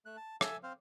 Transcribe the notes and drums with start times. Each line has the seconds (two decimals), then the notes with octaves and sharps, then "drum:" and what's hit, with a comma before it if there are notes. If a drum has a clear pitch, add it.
0.06 A3 F#6
0.17 A5
0.41 A4 E5 G#5 A5, drum: rim click
0.63 C4 C5 F5